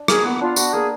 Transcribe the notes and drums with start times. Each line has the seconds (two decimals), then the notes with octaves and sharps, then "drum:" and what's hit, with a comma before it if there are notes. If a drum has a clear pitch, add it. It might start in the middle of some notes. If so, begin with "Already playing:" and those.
Already playing: D4
0.08 A#3 G#4, drum: rim click
0.24 B3
0.41 D4 F4
0.56 B3 F#4, drum: tambourine
0.73 A#3 G#4